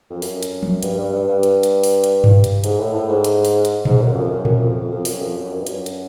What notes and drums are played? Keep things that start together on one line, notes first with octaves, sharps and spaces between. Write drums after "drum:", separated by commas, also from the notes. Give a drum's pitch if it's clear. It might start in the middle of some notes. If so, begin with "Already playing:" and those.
F2
F#2, drum: open hi-hat
drum: hi-hat
drum: tom
G2, drum: hi-hat
G2
G2
G2
drum: hi-hat
drum: hi-hat
drum: open hi-hat
drum: hi-hat
drum: tom G2
drum: hi-hat
G#2, drum: hi-hat
A2
A2
G#2
drum: hi-hat
drum: open hi-hat
drum: hi-hat
G#2, drum: tom A#2
F#2
F2
F#2
F#2, drum: tom A#2
F2
F2
F2
F#2, drum: open hi-hat
F2
F#2
F2
G2
F#2, drum: hi-hat
drum: hi-hat